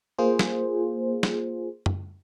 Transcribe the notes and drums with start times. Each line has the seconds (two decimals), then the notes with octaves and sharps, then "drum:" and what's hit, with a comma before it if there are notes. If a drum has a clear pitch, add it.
0.18 A#3 F4 G#4 C5
0.39 drum: snare
1.23 drum: snare
1.86 drum: tom